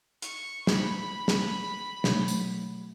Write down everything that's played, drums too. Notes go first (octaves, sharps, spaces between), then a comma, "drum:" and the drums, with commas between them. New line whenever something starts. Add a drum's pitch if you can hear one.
C#6, drum: hi-hat
B5, drum: snare
drum: snare
B2 F#3 A3, drum: snare
drum: tambourine